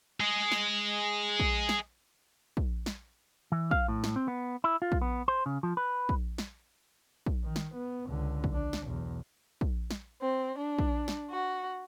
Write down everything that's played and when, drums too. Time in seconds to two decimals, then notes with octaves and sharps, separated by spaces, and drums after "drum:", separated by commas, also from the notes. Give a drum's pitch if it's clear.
0.20 G#4 D#5
0.52 drum: snare
1.40 drum: kick
1.69 drum: snare
2.57 drum: kick
2.86 drum: snare
3.52 E3
3.71 F5, drum: kick
3.88 A2
4.04 drum: snare
4.16 C4
4.28 B3
4.64 E4
4.82 F4
4.92 drum: kick
5.02 B3
5.28 C5
5.46 C#3
5.63 F3
5.77 B4
6.09 drum: kick
6.38 drum: snare
7.26 drum: kick
7.45 D#3
7.56 drum: snare
7.74 B3
8.07 C#2 D3
8.44 drum: kick
8.54 D4
8.73 drum: snare
8.84 B1 E2
9.61 drum: kick
9.91 drum: snare
10.20 C4
10.57 D4
10.79 drum: kick
11.08 drum: snare
11.30 F#4